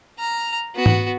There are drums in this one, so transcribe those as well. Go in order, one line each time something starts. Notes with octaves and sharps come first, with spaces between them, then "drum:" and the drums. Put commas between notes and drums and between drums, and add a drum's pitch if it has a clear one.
A#5 F6
B3 F#4
drum: tom G#2